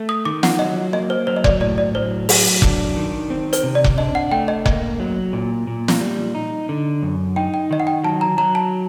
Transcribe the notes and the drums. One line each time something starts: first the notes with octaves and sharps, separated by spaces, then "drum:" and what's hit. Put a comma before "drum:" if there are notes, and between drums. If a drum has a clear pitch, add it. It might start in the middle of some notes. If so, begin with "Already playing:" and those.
Already playing: A3
D#6
D#3 D6
F#5, drum: snare
F#3 D#5
A#3 D#5
C5
F#3 C5
D#5
D5, drum: kick F1
A2 D5
D5
F#3 C5
F#3, drum: open hi-hat
D4, drum: kick F1
D#3
C4
C5, drum: hi-hat
C3
D5
drum: kick F1
D4 D#5
F#5
A3 G5
D#5
A#3 D#5, drum: kick F1
F#3
A#2
A#2
drum: snare
G3
D#4
D3
F#2
D#4 G5
G5
D#3 D#5
F#5
G5
F#3 A5
A#5
F#3 A#5
A5